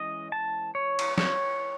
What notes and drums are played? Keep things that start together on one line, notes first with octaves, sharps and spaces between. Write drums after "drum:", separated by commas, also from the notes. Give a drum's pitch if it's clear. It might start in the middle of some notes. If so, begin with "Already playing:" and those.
Already playing: E3 G#3 C#4 D#5
A5
C#5
drum: cymbal
C#5, drum: snare